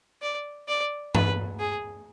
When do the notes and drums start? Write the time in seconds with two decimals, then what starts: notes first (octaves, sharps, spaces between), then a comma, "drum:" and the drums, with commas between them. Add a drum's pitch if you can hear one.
0.22 D5
0.68 D5
1.15 B4, drum: tom G2
1.60 G#4